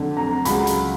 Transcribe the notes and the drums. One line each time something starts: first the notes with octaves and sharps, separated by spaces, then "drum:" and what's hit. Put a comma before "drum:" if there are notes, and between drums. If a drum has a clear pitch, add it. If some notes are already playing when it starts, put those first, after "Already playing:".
Already playing: F2 D3 F#3 A3
A#5
C#2 C#3 F#3 B5, drum: hi-hat
drum: hi-hat